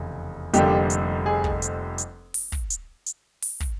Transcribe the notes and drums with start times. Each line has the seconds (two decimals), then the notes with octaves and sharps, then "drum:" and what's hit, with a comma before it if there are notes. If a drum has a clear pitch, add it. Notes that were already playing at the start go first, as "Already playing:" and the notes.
Already playing: F1 E2 C#3
0.54 F1 F2 D3 G3 A#3 G4, drum: hi-hat
0.90 drum: hi-hat
1.26 G#4
1.44 drum: kick
1.62 drum: hi-hat
1.98 drum: hi-hat
2.34 drum: open hi-hat
2.52 drum: kick
2.70 drum: hi-hat
3.06 drum: hi-hat
3.42 drum: open hi-hat
3.60 drum: kick